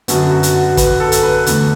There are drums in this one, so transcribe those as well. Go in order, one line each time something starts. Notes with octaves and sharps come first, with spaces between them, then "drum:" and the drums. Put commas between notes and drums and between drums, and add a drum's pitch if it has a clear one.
F#2 D3 B3 F#4, drum: hi-hat
F#4
drum: hi-hat
F#4
B4, drum: kick, hi-hat
A4
drum: hi-hat
B4
E2 D3 A3, drum: hi-hat